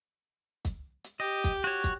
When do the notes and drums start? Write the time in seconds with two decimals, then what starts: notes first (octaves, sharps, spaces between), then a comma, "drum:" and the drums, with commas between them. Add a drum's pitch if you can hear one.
0.65 drum: kick, hi-hat
1.04 drum: hi-hat
1.20 G4 D#5
1.44 drum: kick, hi-hat
1.64 F#4 C#5
1.84 drum: kick, hi-hat